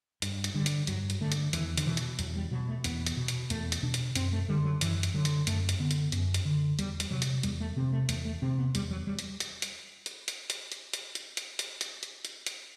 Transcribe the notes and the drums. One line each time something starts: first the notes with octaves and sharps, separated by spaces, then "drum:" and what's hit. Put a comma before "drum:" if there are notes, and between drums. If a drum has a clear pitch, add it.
G2, drum: hi-hat
drum: hi-hat
D3 G3
drum: hi-hat
G2 F#3, drum: hi-hat
drum: hi-hat
D3 A3
drum: hi-hat
E2 E3, drum: hi-hat
D3, drum: hi-hat
B2 E3
drum: hi-hat
E2 F#3, drum: hi-hat
G3
B2 F#3
A3
E2 B3, drum: hi-hat
drum: hi-hat
B2
drum: hi-hat
E2 A3, drum: hi-hat
drum: hi-hat
B2 D4
drum: hi-hat
F#2 C4, drum: hi-hat
A3
D3 G3
F#3
F#2 E3, drum: hi-hat
drum: hi-hat
D3 F#3
drum: hi-hat
F#2 A3, drum: hi-hat
drum: hi-hat
D3 B3
drum: hi-hat
F#2, drum: hi-hat
drum: hi-hat
D3
E2 G3, drum: hi-hat
drum: hi-hat
C3 F#3
drum: hi-hat
E2 G3, drum: hi-hat
A3
C3 C4
A3
E2 A3, drum: hi-hat
A3
C3 C4
B3
E2 G3, drum: hi-hat
F#3
G3
drum: hi-hat
drum: hi-hat
drum: hi-hat
drum: hi-hat
drum: hi-hat
drum: hi-hat
drum: hi-hat
drum: hi-hat
drum: hi-hat
drum: hi-hat
drum: hi-hat
drum: hi-hat
drum: hi-hat
drum: hi-hat
drum: hi-hat